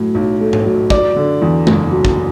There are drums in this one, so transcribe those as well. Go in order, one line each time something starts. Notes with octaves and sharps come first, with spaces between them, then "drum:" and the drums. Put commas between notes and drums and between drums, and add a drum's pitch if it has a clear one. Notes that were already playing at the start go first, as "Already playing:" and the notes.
Already playing: A2 F#3
B1
A3
drum: tom G#2
F#3
F#3 D5, drum: kick
D3
E2
F#1, drum: tom G#3
F#3
drum: kick